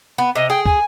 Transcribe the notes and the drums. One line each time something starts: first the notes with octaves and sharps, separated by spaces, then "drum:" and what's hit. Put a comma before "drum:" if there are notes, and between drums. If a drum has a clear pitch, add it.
B3
C3 D#5
G#4 G5
G#5, drum: kick